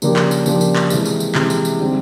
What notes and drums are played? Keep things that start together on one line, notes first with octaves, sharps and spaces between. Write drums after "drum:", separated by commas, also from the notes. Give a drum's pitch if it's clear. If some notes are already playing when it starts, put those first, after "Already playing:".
C#3 F3 A#3 D4 G4, drum: tambourine
drum: clap
drum: tambourine
C#3 F3 A#3 D4 G4, drum: tambourine
drum: tambourine
drum: clap
C3 E3 G#3, drum: tambourine
drum: tambourine
drum: tambourine
C3 E3 G#3, drum: clap
drum: tambourine
drum: tambourine
D3 G3 C4